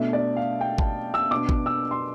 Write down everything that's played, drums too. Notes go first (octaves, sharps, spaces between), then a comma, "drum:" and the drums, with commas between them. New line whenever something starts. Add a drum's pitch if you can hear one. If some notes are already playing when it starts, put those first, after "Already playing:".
Already playing: B2 A3 D4 E5
D5
F5
G5
A5, drum: kick G#1
E6
B2 B3 D4 D6
drum: kick G#1
E6
C6